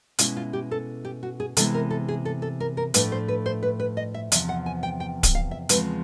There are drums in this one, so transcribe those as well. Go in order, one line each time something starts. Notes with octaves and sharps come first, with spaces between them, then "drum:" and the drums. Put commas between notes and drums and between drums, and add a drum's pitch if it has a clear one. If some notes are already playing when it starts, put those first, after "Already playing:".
B2 G#3 C#4 E4 F4, drum: hi-hat
F4
G4
A4
G4
F#4
G#4
C3 E3 G#3 B3 E4 A4, drum: hi-hat
A#4
A4
G#4
A4
A4
A#4
A#4
A2 F3 A3 D4 B4, drum: hi-hat
C5
B4
C5
B4
B4
D#5
E5
E2 C3 F3 E5, drum: hi-hat
F#5
G#5
G5
G5
drum: kick D1, hi-hat
F5
E5
E2 C#3 F3 G#3 C4 B4, drum: hi-hat